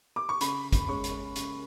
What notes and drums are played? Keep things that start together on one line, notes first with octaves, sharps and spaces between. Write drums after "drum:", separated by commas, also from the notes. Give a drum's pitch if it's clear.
D6
C#6
C#3 B5, drum: hi-hat
drum: kick, hi-hat
G#3 C#4 C#6
drum: hi-hat
C#3, drum: hi-hat